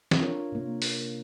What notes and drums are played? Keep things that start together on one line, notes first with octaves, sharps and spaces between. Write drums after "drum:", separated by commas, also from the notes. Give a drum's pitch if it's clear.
drum: snare
D4 F4 A#4 C#5
C3 A#3
drum: open hi-hat